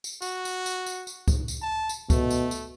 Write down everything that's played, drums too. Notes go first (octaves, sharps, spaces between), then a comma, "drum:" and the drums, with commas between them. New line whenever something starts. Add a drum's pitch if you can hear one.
drum: tambourine
F#4, drum: tambourine
drum: tambourine
drum: tambourine
drum: tambourine
drum: tambourine
drum: kick C#2, tambourine
drum: tambourine
A5
drum: tambourine
B2 A3, drum: kick C#2, tambourine
drum: tambourine
drum: tambourine